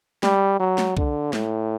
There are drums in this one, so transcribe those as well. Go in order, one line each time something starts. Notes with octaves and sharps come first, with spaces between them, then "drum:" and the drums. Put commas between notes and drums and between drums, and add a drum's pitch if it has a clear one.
G3, drum: snare G#3
F#3
drum: snare G#3
D3, drum: kick
A2, drum: snare G#3